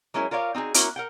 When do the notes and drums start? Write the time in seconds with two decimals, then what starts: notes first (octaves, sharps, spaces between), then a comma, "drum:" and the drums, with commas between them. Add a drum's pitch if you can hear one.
0.14 F#3 G#3 C#4 E4 A4 A#4
0.31 F4 A#4 C#5 D5 F5
0.55 C4 D#4 F#4 G#4
0.74 A#3 C#4 E4 F#4 A#4, drum: hi-hat
0.96 A#4 F#5 G5